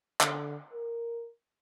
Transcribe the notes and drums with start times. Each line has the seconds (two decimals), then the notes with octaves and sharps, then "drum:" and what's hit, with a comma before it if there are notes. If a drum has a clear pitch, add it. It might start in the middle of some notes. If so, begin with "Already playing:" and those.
0.21 D3, drum: clap
0.73 A#4